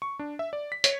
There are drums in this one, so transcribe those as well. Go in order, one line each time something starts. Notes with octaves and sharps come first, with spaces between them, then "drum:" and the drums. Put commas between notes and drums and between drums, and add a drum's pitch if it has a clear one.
C#6
D4
E5
D5
B6
C#5, drum: hi-hat